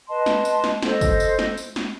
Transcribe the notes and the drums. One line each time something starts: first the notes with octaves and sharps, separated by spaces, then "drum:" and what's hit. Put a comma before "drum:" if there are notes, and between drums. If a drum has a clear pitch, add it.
B4 D#5 A5 C6
drum: snare
drum: tambourine
drum: snare
A4 C5 D#5, drum: snare
drum: kick, tambourine
drum: tambourine
drum: snare
drum: tambourine
drum: snare